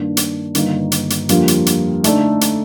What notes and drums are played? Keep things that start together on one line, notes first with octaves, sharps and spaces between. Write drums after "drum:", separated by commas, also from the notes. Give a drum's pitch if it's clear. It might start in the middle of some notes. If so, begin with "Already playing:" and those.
Already playing: G2 D#3 A#3 D4
drum: hi-hat
G1 G2 D#3 A#3 D#4, drum: hi-hat
drum: hi-hat
drum: hi-hat
F2 D3 G3 A#3 F4, drum: hi-hat
drum: hi-hat
drum: hi-hat
D3 A3 D#4 A4 D5, drum: hi-hat
drum: hi-hat